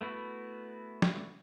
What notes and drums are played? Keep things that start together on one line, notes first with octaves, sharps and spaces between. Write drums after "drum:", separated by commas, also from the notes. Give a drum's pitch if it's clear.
A3 B3 E4 F#4
drum: snare